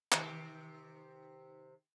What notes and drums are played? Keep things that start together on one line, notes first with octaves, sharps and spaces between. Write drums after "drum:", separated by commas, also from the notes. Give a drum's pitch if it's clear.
C3 D#3 G4, drum: clap